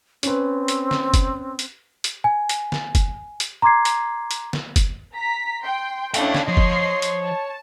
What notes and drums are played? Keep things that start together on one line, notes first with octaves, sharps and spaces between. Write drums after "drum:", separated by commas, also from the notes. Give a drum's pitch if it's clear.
C4 C#4 B4, drum: hi-hat
drum: hi-hat
drum: snare
drum: kick, hi-hat
drum: hi-hat
drum: hi-hat
G#5
drum: hi-hat
drum: snare
drum: kick, hi-hat
drum: hi-hat
A#5 C6 D6 G#6 C7
drum: hi-hat
drum: hi-hat
drum: snare
drum: kick, hi-hat
A#5 B6
G5 C6
A3 C#4 D4 E4 F5 G5, drum: hi-hat
drum: snare
F3 C#5 D#5 C6 C7
drum: kick
drum: hi-hat
A5